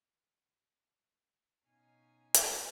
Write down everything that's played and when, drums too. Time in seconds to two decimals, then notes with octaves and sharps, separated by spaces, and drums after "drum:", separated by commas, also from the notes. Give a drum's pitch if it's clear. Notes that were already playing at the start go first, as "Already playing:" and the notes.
1.68 B2 C#4 D#4 F5 G#5 A#5
2.34 drum: hi-hat